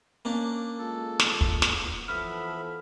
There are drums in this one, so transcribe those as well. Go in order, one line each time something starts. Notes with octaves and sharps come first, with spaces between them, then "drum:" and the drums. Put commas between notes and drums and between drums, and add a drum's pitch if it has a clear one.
A#3 C#4 D4
G#3 F4 A4
drum: snare
drum: kick
B3, drum: snare
E3 F3 B3 A4 E5 B5 F6